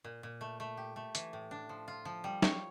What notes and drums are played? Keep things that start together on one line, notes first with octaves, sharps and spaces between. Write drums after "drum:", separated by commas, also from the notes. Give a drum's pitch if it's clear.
A#2
A#2
A3
A3
G4
A3
E3, drum: hi-hat
A2
D4
F3
F4
F3
G3
C#5, drum: snare